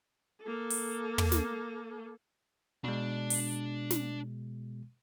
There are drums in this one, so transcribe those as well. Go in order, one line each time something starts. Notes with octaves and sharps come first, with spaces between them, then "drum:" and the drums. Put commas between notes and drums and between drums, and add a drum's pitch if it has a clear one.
A#3 A4
drum: open hi-hat
drum: tom
drum: snare
B2 G#3 D4 D5
drum: open hi-hat
drum: snare